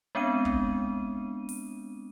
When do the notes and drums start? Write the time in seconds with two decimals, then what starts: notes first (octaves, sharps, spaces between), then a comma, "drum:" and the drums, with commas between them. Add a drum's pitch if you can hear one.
0.15 G#3 B3 C4 D4 D#7
0.45 drum: kick
1.49 drum: open hi-hat